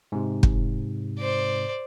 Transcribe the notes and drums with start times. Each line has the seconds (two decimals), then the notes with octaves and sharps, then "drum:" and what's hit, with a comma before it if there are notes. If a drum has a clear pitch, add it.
0.12 G#2 C3
0.43 drum: kick
1.20 C5 D5